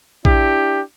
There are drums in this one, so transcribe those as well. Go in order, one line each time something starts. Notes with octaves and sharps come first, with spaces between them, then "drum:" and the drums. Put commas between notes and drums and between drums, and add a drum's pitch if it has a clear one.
D4 E4 G4, drum: kick A#1